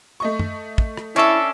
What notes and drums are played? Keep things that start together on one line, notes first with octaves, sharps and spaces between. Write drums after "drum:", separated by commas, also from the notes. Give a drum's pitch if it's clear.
A3 D#5 C#6
drum: tom F#2
drum: kick
drum: rim click
C#4 D4 E4 A4 C#5 E5